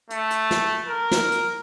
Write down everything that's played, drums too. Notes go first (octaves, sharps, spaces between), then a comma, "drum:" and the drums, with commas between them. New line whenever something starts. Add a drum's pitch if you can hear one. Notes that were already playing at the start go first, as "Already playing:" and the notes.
A3, drum: hi-hat
drum: hi-hat
drum: snare
A#4
drum: snare
drum: hi-hat